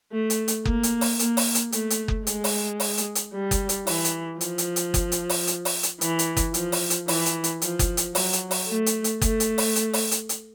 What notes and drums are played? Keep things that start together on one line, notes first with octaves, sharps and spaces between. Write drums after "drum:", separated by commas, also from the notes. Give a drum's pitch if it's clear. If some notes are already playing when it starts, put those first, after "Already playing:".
A3
drum: hi-hat
drum: hi-hat
A#3, drum: kick F#1
drum: hi-hat
drum: open hi-hat
A#3, drum: hi-hat
drum: open hi-hat
drum: hi-hat
A3, drum: hi-hat
drum: hi-hat
drum: kick F#1
G#3, drum: hi-hat
drum: open hi-hat
drum: open hi-hat
drum: hi-hat
drum: hi-hat
G3
drum: kick F#1, hi-hat
drum: hi-hat
E3, drum: open hi-hat
drum: hi-hat
F3, drum: hi-hat
drum: hi-hat
drum: hi-hat
drum: kick F#1, hi-hat
drum: hi-hat
drum: open hi-hat
drum: hi-hat
drum: open hi-hat
drum: hi-hat
E3, drum: hi-hat
drum: hi-hat
drum: kick F#1, hi-hat
F3, drum: hi-hat
drum: open hi-hat
drum: hi-hat
E3, drum: open hi-hat
drum: hi-hat
drum: hi-hat
F3, drum: hi-hat
drum: kick F#1, hi-hat
drum: hi-hat
F#3, drum: open hi-hat
drum: hi-hat
drum: open hi-hat
A3
drum: hi-hat
drum: hi-hat
A3, drum: kick F#1, hi-hat
drum: hi-hat
drum: open hi-hat
drum: hi-hat
drum: open hi-hat
drum: hi-hat
drum: hi-hat